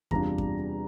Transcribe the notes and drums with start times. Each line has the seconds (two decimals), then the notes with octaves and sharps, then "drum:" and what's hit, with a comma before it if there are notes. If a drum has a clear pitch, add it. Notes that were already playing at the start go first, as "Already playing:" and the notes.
0.11 E2 C3 G3 D4 F4 A#5, drum: kick F#2
0.38 drum: kick F#2